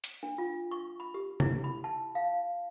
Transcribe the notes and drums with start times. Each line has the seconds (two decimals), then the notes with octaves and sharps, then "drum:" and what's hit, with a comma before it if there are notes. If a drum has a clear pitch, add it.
0.04 drum: hi-hat
0.23 D4
0.38 F4
0.71 C#6
1.00 B5
1.14 G4
1.40 E4, drum: tom C3
1.64 B5
1.84 A5
2.15 F5